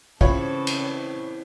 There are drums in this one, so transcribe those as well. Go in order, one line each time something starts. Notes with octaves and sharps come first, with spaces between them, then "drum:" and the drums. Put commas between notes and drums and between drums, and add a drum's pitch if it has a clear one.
C#3 E3 G#3 C4 F4 A4 C#5 B5, drum: kick
drum: cymbal